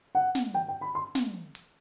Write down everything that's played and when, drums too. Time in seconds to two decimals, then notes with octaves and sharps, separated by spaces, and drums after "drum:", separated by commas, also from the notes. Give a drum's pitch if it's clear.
0.15 F#5
0.35 drum: snare
0.54 G5
0.68 G5
0.81 B5
0.95 C6
1.15 drum: snare
1.55 drum: hi-hat